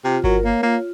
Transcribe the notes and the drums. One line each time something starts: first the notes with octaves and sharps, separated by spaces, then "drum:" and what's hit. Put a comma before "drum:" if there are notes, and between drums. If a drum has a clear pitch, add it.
C3 F4
F#3 A#4, drum: kick G1
A#3 C#5
A#3 F4